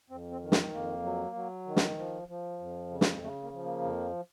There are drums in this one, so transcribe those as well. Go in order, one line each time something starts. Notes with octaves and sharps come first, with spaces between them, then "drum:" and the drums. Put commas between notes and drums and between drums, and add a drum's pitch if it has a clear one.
F2 C4
C4
D#3
A3, drum: snare
F2 A#3
F#3
F#3
D#3
drum: snare
F3
F3
F2
C#3
drum: snare
C#3 A3
A#3
F3
A#3
F2